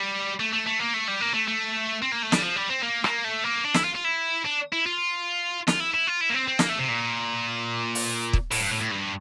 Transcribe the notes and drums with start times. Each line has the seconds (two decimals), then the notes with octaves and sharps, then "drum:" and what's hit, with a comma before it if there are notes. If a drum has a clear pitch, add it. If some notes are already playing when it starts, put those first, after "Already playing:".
Already playing: G3
0.40 A3
0.53 A3
0.67 A3
0.80 A#3
0.94 A3
1.08 G3
1.21 A#3
1.34 A3
1.48 A3
2.02 C4
2.12 A#3
2.23 A3
2.32 G3, drum: snare
2.43 F3
2.56 G3
2.70 C4
2.83 A#3
3.04 A#3, drum: rim click
3.24 A3
3.44 A#3
3.65 D4
3.74 E4, drum: snare
3.84 F4
3.95 F4
4.04 E4
4.45 D4
4.73 E4
4.86 F4
5.67 F4, drum: snare
5.80 E4
5.94 E4
6.08 F4
6.21 E4
6.30 A#3
6.34 C4
6.48 C4
6.59 A#3, drum: snare
6.69 A3
6.79 C3
6.89 A#2
7.95 drum: open hi-hat
8.33 drum: kick
8.51 A2, drum: open hi-hat
8.61 G2
8.71 A2
8.81 A2
8.91 G2